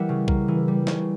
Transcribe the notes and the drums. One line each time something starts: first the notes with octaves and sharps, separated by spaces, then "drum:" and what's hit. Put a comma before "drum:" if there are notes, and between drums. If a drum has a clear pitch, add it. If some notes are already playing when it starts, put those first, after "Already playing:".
Already playing: E3 G3 A#3 E5 F#5
C#3
A#3, drum: kick B1
E3
G3
C#3, drum: snare